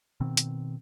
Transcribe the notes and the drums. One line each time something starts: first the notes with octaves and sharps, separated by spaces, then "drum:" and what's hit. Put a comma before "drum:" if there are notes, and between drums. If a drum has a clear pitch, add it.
B2 D#3 C4
drum: hi-hat